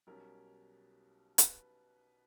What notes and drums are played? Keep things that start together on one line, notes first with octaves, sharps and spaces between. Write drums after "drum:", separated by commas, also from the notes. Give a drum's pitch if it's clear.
B1 B2 G3 C#4 A#4
B4, drum: hi-hat